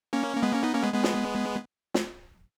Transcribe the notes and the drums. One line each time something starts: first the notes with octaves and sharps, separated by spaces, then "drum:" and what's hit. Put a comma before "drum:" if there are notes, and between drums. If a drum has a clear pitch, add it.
A#3 C#4
A#3
G#3 B3
A#3 C#4
B3 D#4
A#3 C#4
G#3 B3
G#3 B3
drum: snare
drum: snare